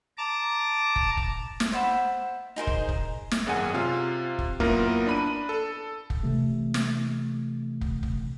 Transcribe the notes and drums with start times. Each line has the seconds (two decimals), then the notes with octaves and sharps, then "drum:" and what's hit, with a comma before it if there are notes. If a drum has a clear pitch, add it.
0.18 A5 A#5 D6
0.96 drum: kick
1.17 drum: kick
1.60 drum: snare
1.72 C5 E5 F#5 B5
2.56 D#4 G#4 A#4 C5
2.67 drum: kick
2.89 drum: kick
3.31 drum: snare
3.46 G#1 F#2 G#4 F#5 G#5
3.74 C3 F4 F5
4.39 drum: kick
4.60 F#2 A#3 B3 E4 F4 A#4, drum: kick
5.06 D4 B5 D#7
5.49 A4
6.10 drum: kick
6.23 C3 E3 A3
6.74 drum: snare
7.81 drum: kick
8.03 drum: kick